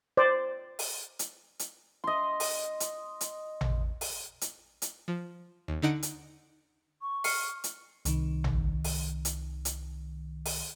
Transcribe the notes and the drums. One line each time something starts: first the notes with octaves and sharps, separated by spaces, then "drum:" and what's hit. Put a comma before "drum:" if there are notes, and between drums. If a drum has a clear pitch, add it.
C5 D5
drum: open hi-hat
drum: hi-hat
drum: hi-hat
D#5 C6
drum: open hi-hat
drum: hi-hat
drum: hi-hat
drum: tom A1
drum: open hi-hat
drum: hi-hat
drum: hi-hat
F3
D#2
D3 D#4 F#5 D7
drum: hi-hat
C#6
F6 C7 C#7, drum: open hi-hat
drum: hi-hat
C2 D#3, drum: hi-hat
drum: tom A1
drum: open hi-hat
drum: hi-hat
drum: hi-hat
drum: open hi-hat